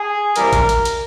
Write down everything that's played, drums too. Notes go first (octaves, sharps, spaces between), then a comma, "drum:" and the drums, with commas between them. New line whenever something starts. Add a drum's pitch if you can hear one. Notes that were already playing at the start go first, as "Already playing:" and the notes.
Already playing: G#4
C3 E3 G3 A#3 A#4, drum: hi-hat
drum: kick, hi-hat
drum: hi-hat
drum: hi-hat